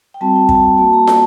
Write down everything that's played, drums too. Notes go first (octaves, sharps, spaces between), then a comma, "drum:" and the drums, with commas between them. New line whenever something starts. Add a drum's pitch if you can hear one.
G5
G3 C4 F#4 A5
G5
A5, drum: kick
A5
A#3 F#4 A5
A#5
A5, drum: snare